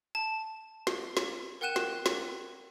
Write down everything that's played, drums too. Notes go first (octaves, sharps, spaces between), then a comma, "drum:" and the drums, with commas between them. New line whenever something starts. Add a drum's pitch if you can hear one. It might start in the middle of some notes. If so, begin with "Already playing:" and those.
A5
drum: snare
drum: snare
A#4 F#5 G5 F#6 D#7 E7
drum: snare
drum: snare